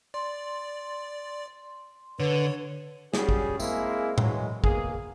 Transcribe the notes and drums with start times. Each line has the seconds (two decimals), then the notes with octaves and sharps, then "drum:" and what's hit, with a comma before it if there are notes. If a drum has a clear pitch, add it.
0.14 D5 C6
2.20 D3 B4 C#5
3.14 G3 C#4 F#4 G#4, drum: snare
3.29 drum: kick
3.60 G#3 A#3 C4 E4 G#4, drum: tambourine
4.18 E3 F#3 G#3, drum: tom A2
4.64 G#1 A#3 B3 G#4, drum: kick